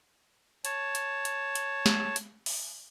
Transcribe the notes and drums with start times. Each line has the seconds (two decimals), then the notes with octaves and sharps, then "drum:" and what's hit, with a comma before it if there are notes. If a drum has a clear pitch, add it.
0.65 C#5 A5, drum: hi-hat
0.95 drum: hi-hat
1.25 drum: hi-hat
1.55 drum: hi-hat
1.86 drum: snare
2.16 drum: hi-hat
2.46 drum: open hi-hat